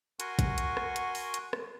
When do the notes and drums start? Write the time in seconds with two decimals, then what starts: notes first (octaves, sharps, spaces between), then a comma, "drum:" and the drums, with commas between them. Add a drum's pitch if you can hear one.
0.20 F#4 A#4 F#5 G#5 C6 C#6, drum: hi-hat
0.39 drum: kick, hi-hat
0.58 drum: hi-hat
0.77 drum: rim click
0.96 drum: hi-hat
1.15 drum: open hi-hat
1.34 drum: hi-hat
1.53 drum: rim click